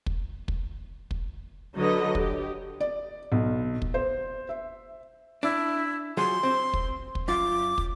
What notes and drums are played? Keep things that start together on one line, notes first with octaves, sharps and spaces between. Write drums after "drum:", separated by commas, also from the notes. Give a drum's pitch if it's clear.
drum: kick
drum: kick
drum: kick
D3 F#3 B4 D#5
G4, drum: kick
D5
B1
drum: kick
C5
E5
D4 E4
F3 F#3 G#4 C6
C4
drum: kick
drum: kick
F#2 F4 D6
drum: kick